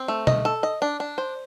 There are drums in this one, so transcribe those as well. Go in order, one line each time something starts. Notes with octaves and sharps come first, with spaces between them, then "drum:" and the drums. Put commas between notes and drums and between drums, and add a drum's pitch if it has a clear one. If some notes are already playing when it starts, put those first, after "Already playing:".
Already playing: C4
A3
D#5, drum: tom B2
A4
D#5
D4
D4
C5